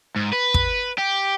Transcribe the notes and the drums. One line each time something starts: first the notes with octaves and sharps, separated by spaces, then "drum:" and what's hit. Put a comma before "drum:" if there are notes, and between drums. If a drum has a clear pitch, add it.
G#2
B4
drum: kick
G4